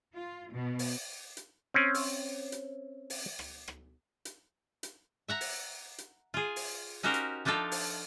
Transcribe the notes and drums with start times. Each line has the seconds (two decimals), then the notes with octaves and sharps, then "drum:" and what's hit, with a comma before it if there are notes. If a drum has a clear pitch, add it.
0.12 F4
0.50 B2
0.79 drum: open hi-hat
1.37 drum: hi-hat
1.74 C4 C#4
1.94 drum: open hi-hat
2.52 drum: hi-hat
3.10 drum: open hi-hat
3.39 drum: rim click
3.68 drum: rim click
4.25 drum: hi-hat
4.83 drum: hi-hat
5.28 E5 F#5 A#5
5.41 drum: open hi-hat
5.98 drum: hi-hat
6.34 F4 G#4
6.56 drum: open hi-hat
7.03 C#4 D#4 F#4 G4 A#4 C5
7.14 drum: hi-hat
7.45 F3 D4 D#4 F4 A4
7.72 drum: open hi-hat